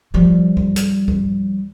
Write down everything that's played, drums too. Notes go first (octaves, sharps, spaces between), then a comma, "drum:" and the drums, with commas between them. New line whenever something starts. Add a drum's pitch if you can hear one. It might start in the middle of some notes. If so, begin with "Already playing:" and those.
F3 G3
drum: kick C#2
drum: hi-hat
drum: kick C#2